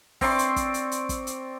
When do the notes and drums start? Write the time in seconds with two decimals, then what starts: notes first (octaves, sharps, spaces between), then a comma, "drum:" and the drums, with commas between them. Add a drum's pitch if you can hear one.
0.21 C4 D5 C6 C#6, drum: kick, open hi-hat
0.39 drum: hi-hat
0.56 drum: kick, hi-hat
0.74 drum: hi-hat
0.92 drum: hi-hat
1.09 drum: kick, hi-hat
1.27 drum: hi-hat